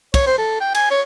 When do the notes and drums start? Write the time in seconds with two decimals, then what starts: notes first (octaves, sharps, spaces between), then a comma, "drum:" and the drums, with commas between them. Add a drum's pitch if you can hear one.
0.14 C#5, drum: kick, cymbal
0.26 C5
0.38 A4
0.61 G5
0.75 G#5, drum: cymbal
0.91 C#5